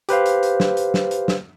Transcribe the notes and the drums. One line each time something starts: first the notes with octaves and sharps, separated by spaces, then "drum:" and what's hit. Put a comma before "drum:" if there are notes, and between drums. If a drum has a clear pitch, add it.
G4 B4 C5 F5, drum: hi-hat
drum: hi-hat
drum: hi-hat
drum: snare
drum: hi-hat
drum: snare
drum: hi-hat
drum: snare